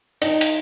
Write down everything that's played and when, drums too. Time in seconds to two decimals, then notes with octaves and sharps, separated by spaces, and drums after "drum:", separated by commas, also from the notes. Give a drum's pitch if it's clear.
0.22 D#4, drum: cymbal
0.41 drum: cymbal